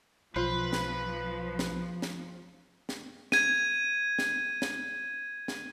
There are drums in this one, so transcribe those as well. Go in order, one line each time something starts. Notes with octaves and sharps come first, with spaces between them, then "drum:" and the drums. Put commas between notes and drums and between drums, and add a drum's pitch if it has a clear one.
B1 F3 F4 B4 C5
drum: snare
drum: snare
drum: snare
drum: snare
G#6 D#7, drum: snare
drum: snare
drum: snare
drum: snare